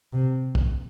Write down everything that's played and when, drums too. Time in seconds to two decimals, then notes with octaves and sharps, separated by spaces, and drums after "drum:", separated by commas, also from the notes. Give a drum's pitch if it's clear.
0.13 C3
0.55 drum: kick